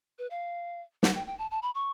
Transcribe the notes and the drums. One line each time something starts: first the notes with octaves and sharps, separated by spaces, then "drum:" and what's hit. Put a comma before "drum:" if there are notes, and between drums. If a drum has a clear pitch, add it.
B4
F5
F#5, drum: snare
G5
G5
A5
A5
B5
C#6